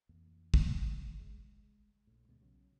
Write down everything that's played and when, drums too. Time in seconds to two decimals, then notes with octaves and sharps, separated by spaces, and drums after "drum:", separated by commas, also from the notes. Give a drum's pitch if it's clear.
0.09 F2 A2 E3 A#3
0.54 drum: kick
0.87 A#2 E3 F3
1.20 G#3
2.07 A#1 A2
2.28 D2 B2 G#3
2.40 B1 C#3 F#3